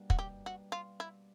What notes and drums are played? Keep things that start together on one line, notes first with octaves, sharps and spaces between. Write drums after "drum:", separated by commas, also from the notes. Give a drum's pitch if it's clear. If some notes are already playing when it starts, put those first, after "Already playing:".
Already playing: B2 G3 A#3 D4
F#4, drum: kick
G4
F#4
F4
E4